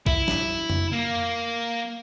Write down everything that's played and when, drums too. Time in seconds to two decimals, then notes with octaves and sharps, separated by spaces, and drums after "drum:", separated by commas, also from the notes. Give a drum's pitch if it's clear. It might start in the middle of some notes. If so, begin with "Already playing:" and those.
0.07 E4, drum: kick A1
0.28 drum: snare
0.70 drum: tom F2
0.92 A#3